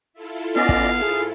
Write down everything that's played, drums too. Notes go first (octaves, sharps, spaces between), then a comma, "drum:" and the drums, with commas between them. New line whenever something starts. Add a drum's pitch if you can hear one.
E4 F4 A4
B3 C#4 D5 D#5 F5
drum: kick
G#2 G#4